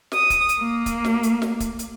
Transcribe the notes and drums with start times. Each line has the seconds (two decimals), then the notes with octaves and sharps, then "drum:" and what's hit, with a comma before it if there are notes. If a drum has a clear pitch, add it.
0.12 D#6, drum: snare
0.30 drum: kick, hi-hat
0.49 drum: hi-hat
0.59 A#3
0.86 drum: kick, hi-hat
1.05 drum: snare
1.23 drum: hi-hat
1.42 drum: snare
1.60 drum: kick, hi-hat
1.79 drum: hi-hat